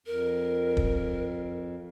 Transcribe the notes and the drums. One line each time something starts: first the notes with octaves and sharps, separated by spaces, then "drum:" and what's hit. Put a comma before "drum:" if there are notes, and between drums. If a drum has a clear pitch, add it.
F2 A#4
drum: kick